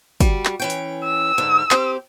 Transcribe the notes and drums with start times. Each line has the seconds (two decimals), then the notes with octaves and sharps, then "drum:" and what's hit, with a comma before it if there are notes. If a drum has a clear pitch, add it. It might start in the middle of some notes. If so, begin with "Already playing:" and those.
0.20 G3 F#4, drum: kick, hi-hat
0.45 drum: clap
0.60 E3 C#4 G5
0.70 drum: hi-hat
1.04 E6
1.38 G#2 D3
1.71 C4 G4, drum: clap